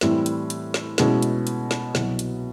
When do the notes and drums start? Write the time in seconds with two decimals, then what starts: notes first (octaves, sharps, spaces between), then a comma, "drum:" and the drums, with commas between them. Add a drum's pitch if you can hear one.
0.01 A2 E3 G3 C4 E4, drum: snare
0.26 drum: hi-hat
0.50 drum: hi-hat
0.74 drum: snare
0.98 B2 G#3 C#4 E4 G#4, drum: snare
1.22 drum: hi-hat
1.47 drum: hi-hat
1.71 drum: snare
1.95 C2 B2 F#3, drum: snare
2.19 drum: hi-hat